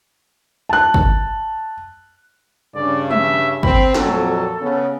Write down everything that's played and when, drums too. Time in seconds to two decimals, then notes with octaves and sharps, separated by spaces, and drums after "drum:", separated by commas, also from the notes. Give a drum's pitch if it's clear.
0.69 A5 F#6
0.94 drum: kick
2.75 G2 C#3 D5
3.11 E5, drum: tom
3.63 C4 B5, drum: kick
3.94 F2 A#2 F#3 A4, drum: snare
4.61 C#3 B3